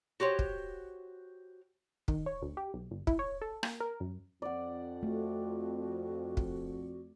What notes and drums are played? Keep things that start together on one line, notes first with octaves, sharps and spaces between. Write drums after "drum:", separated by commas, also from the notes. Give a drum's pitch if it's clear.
F#4 G4 C5 C#5
drum: kick
D#3, drum: kick
C#5
D2
G4
B1
G1
E4, drum: kick
C#5
A4
A#3, drum: rim click
A#4
F#2
F2 D5 F#5
A3 F#4
drum: kick